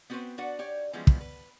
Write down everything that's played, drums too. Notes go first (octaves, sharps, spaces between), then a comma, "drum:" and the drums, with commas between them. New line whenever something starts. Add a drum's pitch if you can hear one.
B3 C4 F#4 A4 B4 C5
D4 F#4 B4 D5 F#5
G4 C#5 D5
E3 F3 G3 G#3 B3 C#4
drum: kick
B4